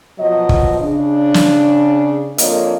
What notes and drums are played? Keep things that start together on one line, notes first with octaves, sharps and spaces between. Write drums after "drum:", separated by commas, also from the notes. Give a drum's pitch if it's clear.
B2 F3 F#3 D#5
drum: kick
C#3 D4
drum: snare
F2 D3 A#3 F4 C#5 D#5, drum: hi-hat